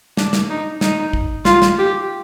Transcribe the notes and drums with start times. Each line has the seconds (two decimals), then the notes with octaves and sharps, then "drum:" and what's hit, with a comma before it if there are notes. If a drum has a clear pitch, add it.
0.17 D4, drum: snare
0.33 drum: snare
0.50 D#4
0.81 D#4, drum: snare
1.13 drum: kick A1
1.45 F4, drum: snare
1.62 drum: snare
1.78 G4